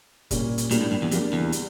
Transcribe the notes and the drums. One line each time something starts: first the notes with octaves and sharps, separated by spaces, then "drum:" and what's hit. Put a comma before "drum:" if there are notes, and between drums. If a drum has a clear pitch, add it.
A#2 G3 A#3 C#4, drum: kick, hi-hat
drum: hi-hat
A#2 G3 A#3 D4, drum: hi-hat
A2
G2
E2
F2 G3 A#3 D4, drum: hi-hat
E2
G3, drum: hi-hat